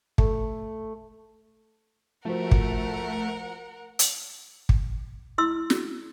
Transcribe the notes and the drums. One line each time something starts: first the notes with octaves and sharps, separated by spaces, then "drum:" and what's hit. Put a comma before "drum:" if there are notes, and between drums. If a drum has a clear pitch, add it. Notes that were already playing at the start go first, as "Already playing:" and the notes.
A3, drum: kick
F3 A3 F#4 A#4 C5 F#5
drum: kick
drum: hi-hat
drum: kick
E4 C6 E6
drum: snare